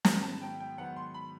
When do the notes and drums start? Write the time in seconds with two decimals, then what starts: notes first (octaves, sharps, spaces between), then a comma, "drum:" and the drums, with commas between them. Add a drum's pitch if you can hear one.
0.05 G#2 D#3 F#3 B3 A#5, drum: snare
0.23 A5
0.42 G5
0.60 G5
0.78 G#2 D#3 F#3 B3 F#5
0.96 C6
1.14 B5